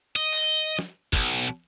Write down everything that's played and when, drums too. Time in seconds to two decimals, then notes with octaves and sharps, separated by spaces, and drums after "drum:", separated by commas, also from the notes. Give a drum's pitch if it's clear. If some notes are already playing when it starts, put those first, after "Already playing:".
0.16 D#5
0.33 drum: open hi-hat
0.79 drum: snare
1.13 B1, drum: kick